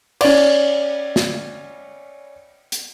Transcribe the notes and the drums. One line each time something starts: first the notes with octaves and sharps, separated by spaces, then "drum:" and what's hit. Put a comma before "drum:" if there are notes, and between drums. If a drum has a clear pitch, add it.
C#4 D5, drum: cymbal
drum: snare
drum: hi-hat